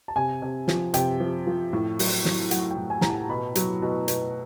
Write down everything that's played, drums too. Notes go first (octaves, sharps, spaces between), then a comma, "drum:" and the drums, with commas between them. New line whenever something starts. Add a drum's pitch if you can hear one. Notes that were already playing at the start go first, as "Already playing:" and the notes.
A5
C3 G#5
C3
F3, drum: snare
C3 G5, drum: hi-hat
F3
F3
A2
F#3, drum: open hi-hat
F#3, drum: snare
F#3 F#5, drum: hi-hat
G5
A2
G#5
A2 A#5, drum: snare
A5
B2 B5
F#3, drum: hi-hat
B2
B2, drum: hi-hat